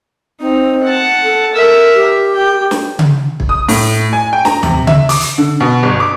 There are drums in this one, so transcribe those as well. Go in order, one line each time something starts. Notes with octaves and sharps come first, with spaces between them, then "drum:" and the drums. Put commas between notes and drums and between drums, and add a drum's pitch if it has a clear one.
C4 D#4
F#5 A5
A4
A#4 E5
G4
G5
drum: snare
drum: tom C#3
drum: kick
D#6
A2, drum: open hi-hat
G#5
G5
A#5, drum: snare
C3, drum: tom D2
E5, drum: tom C#3
D6, drum: hi-hat
drum: hi-hat
D3
B2
G1
D6